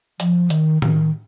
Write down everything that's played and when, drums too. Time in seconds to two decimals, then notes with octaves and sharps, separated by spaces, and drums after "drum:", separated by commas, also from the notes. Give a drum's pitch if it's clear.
0.20 F3, drum: hi-hat
0.50 D#3, drum: hi-hat
0.82 D#3, drum: tom A2